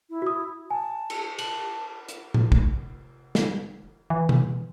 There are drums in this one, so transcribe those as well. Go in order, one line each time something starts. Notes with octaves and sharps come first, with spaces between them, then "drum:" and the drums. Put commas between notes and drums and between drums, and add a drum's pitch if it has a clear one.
E4
F#4 D#6
G#5 A5
drum: cymbal
A5 F#7, drum: cymbal
drum: hi-hat
drum: tom A2
F1, drum: kick
drum: snare
E3
drum: tom B2